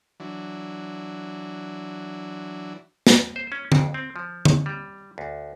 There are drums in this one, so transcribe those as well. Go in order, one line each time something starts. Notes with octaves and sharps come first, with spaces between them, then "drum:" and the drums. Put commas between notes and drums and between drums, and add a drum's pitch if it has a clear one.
E3 F#3 D4
drum: snare
C5
C#4
F2, drum: tom D3
C4
F3
drum: tom D3
G3
D2